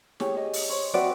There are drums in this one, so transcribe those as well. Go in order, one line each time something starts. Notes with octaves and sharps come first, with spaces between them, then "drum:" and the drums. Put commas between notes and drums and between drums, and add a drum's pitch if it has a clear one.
G4 G#4 C#5, drum: snare
D#5
drum: open hi-hat
C5 C#5
C4 F#4 B4 D5 E5 C#6